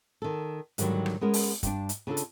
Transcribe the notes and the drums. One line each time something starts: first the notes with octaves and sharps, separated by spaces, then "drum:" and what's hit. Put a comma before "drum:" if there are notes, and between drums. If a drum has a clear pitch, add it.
D#3 A4
G#2 D3 D#3 F#3 G3, drum: hi-hat
drum: rim click
G#3 B3 C#4 A#4
drum: open hi-hat
G2 D4, drum: kick, hi-hat
drum: hi-hat
C#3 D4 F4 A4
drum: hi-hat